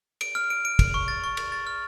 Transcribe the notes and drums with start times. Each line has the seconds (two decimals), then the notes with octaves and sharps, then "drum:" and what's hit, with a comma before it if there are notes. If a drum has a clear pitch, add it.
0.21 D7, drum: cymbal
0.35 F6
0.50 D7
0.65 D7
0.79 D7, drum: kick, cymbal
0.94 C#6
1.08 A6
1.24 C#6
1.37 A6, drum: cymbal
1.52 A6
1.67 F6